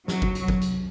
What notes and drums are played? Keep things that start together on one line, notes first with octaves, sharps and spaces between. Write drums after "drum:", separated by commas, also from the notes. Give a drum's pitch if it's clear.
F#3, drum: snare
drum: kick G1
drum: hi-hat
drum: kick G1
drum: hi-hat